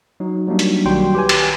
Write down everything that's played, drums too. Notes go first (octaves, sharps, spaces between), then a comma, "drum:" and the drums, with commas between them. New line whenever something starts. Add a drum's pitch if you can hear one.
F#3 D#4
F#3 G3 A#3 D4 D#4
drum: hi-hat
B1 D#3 F#3 G3 G5 C6
G4 B4 G#5
drum: cymbal